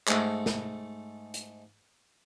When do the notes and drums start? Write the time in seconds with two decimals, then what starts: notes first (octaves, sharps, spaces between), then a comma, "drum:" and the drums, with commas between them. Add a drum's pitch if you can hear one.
0.08 G#2 A3, drum: clap
0.46 drum: snare
1.34 drum: hi-hat